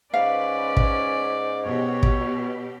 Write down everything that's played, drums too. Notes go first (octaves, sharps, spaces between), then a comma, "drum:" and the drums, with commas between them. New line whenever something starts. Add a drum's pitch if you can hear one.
G#2 C#4 B4 D5 F5
drum: kick
B2 G4 C#5
drum: kick